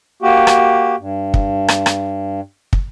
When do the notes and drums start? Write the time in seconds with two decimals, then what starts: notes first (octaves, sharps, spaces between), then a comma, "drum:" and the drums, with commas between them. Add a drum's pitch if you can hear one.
0.22 A#3 F#4 G4
0.47 drum: rim click
0.99 G2
1.34 drum: kick
1.68 drum: rim click
1.86 drum: rim click
2.73 drum: kick